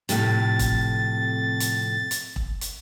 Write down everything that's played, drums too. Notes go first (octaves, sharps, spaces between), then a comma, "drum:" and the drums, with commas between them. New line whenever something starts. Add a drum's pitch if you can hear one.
F2 A2 C3 A6, drum: hi-hat
drum: kick E1, hi-hat
drum: hi-hat
drum: hi-hat
drum: kick E1
drum: hi-hat